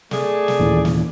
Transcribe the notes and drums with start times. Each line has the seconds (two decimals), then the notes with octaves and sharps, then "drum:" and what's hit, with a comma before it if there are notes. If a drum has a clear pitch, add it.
0.11 A3 G#4 D5, drum: snare
0.48 drum: snare
0.60 D#2 A#2 E3
0.85 drum: snare